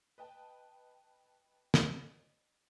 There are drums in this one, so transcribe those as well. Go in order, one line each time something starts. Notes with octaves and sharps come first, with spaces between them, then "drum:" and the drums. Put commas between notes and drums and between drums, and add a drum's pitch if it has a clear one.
B4 D#5 G5 A5
drum: snare